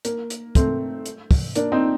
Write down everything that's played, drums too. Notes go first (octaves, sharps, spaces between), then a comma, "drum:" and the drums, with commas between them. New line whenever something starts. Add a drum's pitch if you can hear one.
A#3, drum: hi-hat
drum: hi-hat
A3 C4, drum: kick, hi-hat
drum: hi-hat
drum: kick, open hi-hat
A#3 D4, drum: hi-hat
C4 D#4